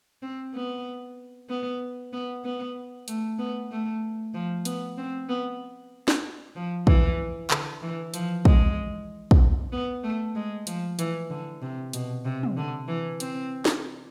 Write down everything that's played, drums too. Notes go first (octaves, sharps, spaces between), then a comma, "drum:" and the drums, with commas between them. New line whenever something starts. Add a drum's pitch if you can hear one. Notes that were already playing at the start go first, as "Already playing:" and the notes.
C4
B3
B3
B3
B3
A3, drum: hi-hat
B3
A3
F3
B3, drum: hi-hat
C4
B3
drum: snare
F3
E3, drum: kick
D3, drum: clap
E3
F3, drum: hi-hat
G#3, drum: kick
drum: kick
B3
A3
G#3
F3, drum: hi-hat
E3, drum: hi-hat
D3
C3
B2, drum: hi-hat
C3
drum: tom
D3
E3
C4, drum: hi-hat
drum: snare